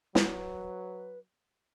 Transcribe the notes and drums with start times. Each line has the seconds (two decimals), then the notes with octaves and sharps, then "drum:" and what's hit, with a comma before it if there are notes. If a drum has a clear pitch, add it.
0.15 F#3 B4, drum: snare